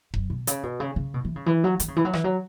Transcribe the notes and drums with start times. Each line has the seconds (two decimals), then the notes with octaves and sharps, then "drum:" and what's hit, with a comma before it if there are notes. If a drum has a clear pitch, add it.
0.14 F#2, drum: kick E1
0.30 B2
0.47 C#3, drum: hi-hat
0.63 B2
0.80 C#3
0.96 C#3
1.14 B2
1.25 E3
1.36 C#3
1.46 E3
1.64 F#3
1.80 E3, drum: hi-hat
1.88 C#3
1.96 E3
2.05 F#3
2.13 E3, drum: rim click
2.24 F#3